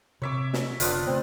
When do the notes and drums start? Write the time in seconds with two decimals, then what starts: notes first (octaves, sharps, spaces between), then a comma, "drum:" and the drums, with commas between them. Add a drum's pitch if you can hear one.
0.22 C3 C4 C#5 E5 D6
0.53 drum: snare
0.80 F1 D3 B3 D4 F4, drum: hi-hat
1.06 C#3 A3 B3 C4